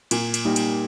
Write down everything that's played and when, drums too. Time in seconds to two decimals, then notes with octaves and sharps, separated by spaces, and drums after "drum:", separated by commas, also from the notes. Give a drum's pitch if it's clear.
0.11 A#2, drum: cymbal
0.34 drum: cymbal
0.45 G3 A#3 D#4
0.56 drum: cymbal